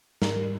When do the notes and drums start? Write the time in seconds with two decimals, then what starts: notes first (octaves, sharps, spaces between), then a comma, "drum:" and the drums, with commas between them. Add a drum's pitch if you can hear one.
0.22 G#2 A#4, drum: snare
0.36 G3